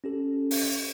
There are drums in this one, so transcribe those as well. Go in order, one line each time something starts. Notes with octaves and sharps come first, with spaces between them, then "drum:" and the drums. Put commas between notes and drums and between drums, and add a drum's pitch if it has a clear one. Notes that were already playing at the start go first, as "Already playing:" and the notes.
C#4 G4 A4
drum: open hi-hat